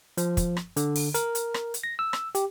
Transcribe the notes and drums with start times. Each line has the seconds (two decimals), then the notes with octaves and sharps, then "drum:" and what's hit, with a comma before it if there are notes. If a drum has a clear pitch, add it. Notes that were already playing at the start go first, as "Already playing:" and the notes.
0.17 F3, drum: hi-hat
0.37 drum: kick, hi-hat
0.57 drum: rim click
0.77 D3, drum: hi-hat
0.96 drum: open hi-hat
1.14 A#4, drum: hi-hat
1.35 drum: hi-hat
1.54 drum: rim click
1.74 drum: hi-hat
1.84 A#6
1.99 E6
2.13 drum: rim click
2.35 G4, drum: hi-hat